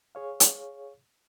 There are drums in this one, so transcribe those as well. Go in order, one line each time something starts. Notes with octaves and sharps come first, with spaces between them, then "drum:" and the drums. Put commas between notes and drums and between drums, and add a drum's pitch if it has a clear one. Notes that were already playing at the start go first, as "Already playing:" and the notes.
G#4 C#5 F5
drum: hi-hat